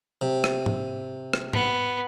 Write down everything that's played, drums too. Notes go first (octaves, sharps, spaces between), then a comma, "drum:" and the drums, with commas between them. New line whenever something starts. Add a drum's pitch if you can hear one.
C3
drum: rim click
drum: tom G#2
drum: rim click
B3, drum: tom G#2